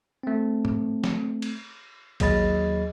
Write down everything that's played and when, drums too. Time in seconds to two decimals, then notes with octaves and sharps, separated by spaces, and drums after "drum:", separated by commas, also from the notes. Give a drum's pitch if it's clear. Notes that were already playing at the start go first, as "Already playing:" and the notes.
0.23 A3 C4
0.65 drum: tom
1.04 drum: snare
1.42 drum: cymbal
2.20 D#2 F#3 G#4 D#5 B5 A6, drum: kick A1, cymbal